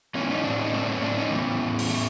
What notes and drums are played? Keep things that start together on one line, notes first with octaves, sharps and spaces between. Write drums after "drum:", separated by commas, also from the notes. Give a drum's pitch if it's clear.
E3 B3 C#4
C#4 D#4
A2 C4 D4
C#4 D#4
A3 C4 D4
B3 C#4
A2 C4 D4
C#4 D#4
E3 B3 C#4
A2
drum: open hi-hat
A3